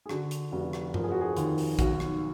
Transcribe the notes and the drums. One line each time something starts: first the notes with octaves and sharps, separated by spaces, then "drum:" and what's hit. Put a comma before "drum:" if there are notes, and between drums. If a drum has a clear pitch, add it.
G#4
D3 F#4, drum: rim click
drum: hi-hat
F1 F#4
drum: rim click
F3 A#4, drum: tom G2
G#4
F#4
G#4
D#2, drum: hi-hat
drum: open hi-hat
B1 F#4, drum: kick, hi-hat
drum: rim click